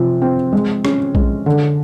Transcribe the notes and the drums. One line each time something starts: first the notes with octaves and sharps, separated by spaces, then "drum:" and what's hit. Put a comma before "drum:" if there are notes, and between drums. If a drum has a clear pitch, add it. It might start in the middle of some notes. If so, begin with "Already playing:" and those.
Already playing: C3 F3
C4
G#3
C#4, drum: rim click
G#3, drum: kick A#1
D3